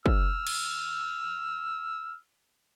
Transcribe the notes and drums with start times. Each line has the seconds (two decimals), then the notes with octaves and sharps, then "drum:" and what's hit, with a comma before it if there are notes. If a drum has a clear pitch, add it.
0.06 E6 F6, drum: kick
0.47 drum: cymbal